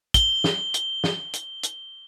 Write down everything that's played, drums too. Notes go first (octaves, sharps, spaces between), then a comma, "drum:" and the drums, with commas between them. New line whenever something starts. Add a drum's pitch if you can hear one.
G7, drum: kick, hi-hat
drum: snare
drum: hi-hat
drum: snare
drum: hi-hat
drum: hi-hat